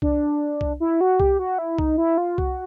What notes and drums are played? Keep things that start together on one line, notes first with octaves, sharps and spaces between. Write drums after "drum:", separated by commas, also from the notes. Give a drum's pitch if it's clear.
D4, drum: kick C2
drum: kick C2
E4
F#4
G4, drum: kick C2
F#4
E4
D#4, drum: kick C2
E4
F4
F#4, drum: kick C2